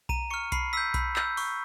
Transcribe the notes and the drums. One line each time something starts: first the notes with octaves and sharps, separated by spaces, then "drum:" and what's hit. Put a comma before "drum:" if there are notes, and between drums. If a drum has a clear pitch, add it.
A#5 D#7, drum: kick B1
C#6 F6 C#7
B5 C7, drum: kick B1, hi-hat
E6 G6 B6
B5, drum: kick B1, hi-hat
E6 G6, drum: clap
C#6, drum: open hi-hat